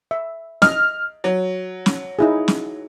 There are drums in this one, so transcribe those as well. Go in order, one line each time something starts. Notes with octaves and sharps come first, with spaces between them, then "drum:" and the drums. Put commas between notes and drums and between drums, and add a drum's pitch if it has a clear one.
E5
D#5 F6, drum: snare
F#3
drum: snare
D#4 E4 G#4
drum: snare